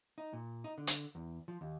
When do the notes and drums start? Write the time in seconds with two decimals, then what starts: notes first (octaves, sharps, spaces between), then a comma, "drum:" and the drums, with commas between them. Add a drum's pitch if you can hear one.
0.18 D#4
0.33 A#2
0.64 D#4
0.78 D3
0.87 drum: hi-hat
1.15 E2
1.48 F3
1.61 D#2